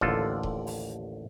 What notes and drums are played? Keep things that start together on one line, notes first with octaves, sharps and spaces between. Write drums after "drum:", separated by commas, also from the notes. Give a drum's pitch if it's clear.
A1 D#2 D3 F4 A4, drum: kick D#1
drum: kick D#1
drum: open hi-hat